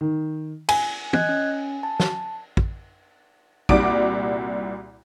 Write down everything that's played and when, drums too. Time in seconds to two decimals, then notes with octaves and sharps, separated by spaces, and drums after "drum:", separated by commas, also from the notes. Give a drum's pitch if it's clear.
0.01 D#3
0.69 G#5, drum: cymbal
1.13 D#5 F#6 G#6, drum: tom
1.29 C#4
1.83 A5
2.00 drum: snare
2.57 drum: kick
3.69 C2 A#2 G3 F#4 D6 D7, drum: kick